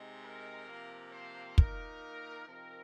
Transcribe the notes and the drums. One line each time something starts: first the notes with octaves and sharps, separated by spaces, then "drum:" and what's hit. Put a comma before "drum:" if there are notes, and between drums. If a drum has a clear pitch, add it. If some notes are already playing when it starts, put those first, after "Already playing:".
Already playing: C3 G#3 D#4
A#4
C3 F3 A#3
C5
A#2 A#3 D#4 A#4, drum: kick
C3 F3 C4 D#4 A#4